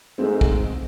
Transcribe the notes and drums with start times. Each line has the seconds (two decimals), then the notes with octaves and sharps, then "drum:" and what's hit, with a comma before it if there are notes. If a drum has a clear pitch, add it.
0.18 G#2 G#3 A3 C4
0.41 drum: kick